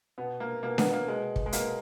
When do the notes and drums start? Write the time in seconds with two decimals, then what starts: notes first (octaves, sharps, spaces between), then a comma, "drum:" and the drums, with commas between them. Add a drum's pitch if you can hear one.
0.18 B2 B3
0.40 A#3
0.63 B2 A#3
0.78 B3, drum: snare D4
0.93 A#3
1.08 B2 G#3
1.36 drum: kick
1.46 G#3
1.52 B2 A#3, drum: hi-hat